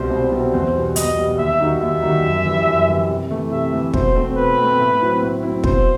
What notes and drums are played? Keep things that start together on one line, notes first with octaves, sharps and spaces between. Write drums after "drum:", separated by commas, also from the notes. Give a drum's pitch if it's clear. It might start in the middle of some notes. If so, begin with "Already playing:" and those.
Already playing: C2 B2 G3 C4 C5
C2
B2 G3 C4
E2 C5
B2 G3
E2 D#5, drum: hi-hat
B2 G3
D#2 E5
D#3 G3 D#4 F#4
D#2 E5
D#3 G3 D#4 F#4
F#2
E3 G3
F#2
E3 G3
C3
E3 A3
C3 E5
E3 A3
B2 C5, drum: kick
A3 C4
B2 B4
A3 C4
A2
F#3 C4 E4
A2
F#3 C4 E4
B2 C5, drum: kick